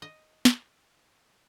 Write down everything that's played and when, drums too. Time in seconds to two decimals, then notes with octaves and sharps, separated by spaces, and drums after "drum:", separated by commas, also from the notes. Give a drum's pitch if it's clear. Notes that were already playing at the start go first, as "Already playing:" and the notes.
0.02 D#5
0.45 drum: snare